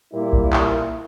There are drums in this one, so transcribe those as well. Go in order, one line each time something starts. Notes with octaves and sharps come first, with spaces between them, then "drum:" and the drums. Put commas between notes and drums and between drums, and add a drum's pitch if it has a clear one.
A#2 G3 A#3 E4
drum: kick A#1
drum: clap